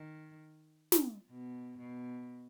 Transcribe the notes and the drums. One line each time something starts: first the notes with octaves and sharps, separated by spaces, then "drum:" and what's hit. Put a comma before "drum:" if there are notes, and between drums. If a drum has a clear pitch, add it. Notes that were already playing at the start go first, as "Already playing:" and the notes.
Already playing: D#3
drum: snare
B2
B2